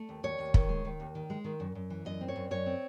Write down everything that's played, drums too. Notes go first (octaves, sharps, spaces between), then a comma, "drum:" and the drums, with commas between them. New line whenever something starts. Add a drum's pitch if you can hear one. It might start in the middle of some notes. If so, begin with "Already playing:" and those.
Already playing: A3
D#2
D#2 C#5
D#2
D#3, drum: kick
G#3
D#3
D#2
D#3
G#3
D#3
F#2
F#2
E3
F#2 D#5
C4
C#5
F#2
F#2 C#5
C4